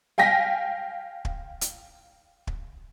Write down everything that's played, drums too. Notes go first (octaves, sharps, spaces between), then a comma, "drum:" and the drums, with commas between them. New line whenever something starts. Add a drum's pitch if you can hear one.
F5 G5 G#5 A#6 B6
drum: kick
drum: hi-hat
drum: kick